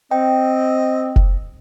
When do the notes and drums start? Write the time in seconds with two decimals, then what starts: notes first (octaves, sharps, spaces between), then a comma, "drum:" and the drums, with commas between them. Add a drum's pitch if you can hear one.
0.11 C4 D#5 G5
1.16 drum: kick F1